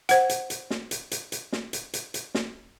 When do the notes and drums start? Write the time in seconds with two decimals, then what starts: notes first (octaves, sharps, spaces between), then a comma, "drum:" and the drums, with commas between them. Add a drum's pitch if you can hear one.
0.09 C5 F#5, drum: hi-hat
0.29 drum: hi-hat
0.50 drum: hi-hat
0.70 drum: snare
0.91 drum: hi-hat
1.11 drum: hi-hat
1.32 drum: hi-hat
1.53 drum: snare
1.73 drum: hi-hat
1.94 drum: hi-hat
2.14 drum: hi-hat
2.35 drum: snare